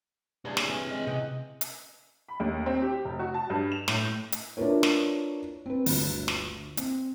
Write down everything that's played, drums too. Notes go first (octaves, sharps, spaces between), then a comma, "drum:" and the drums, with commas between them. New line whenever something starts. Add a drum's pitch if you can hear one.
G2 C#3 E4 G#4 D5
drum: snare
E3 C4 G#5
G#3
C3 D#5 F#5 G5
drum: hi-hat
B5
D#2
C4
G4
F1
F#4
A5
G2
F7
A2, drum: snare
drum: hi-hat
D4 E4 F4 A#4 B4 C#5
drum: snare
C4 B4
G1 D2, drum: open hi-hat
drum: snare
C4, drum: hi-hat